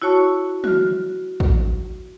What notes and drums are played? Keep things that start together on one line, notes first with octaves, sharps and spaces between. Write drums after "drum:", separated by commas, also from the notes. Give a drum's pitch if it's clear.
E4 F#4 C#5 A5 C#6
F#4 F6, drum: tom
drum: kick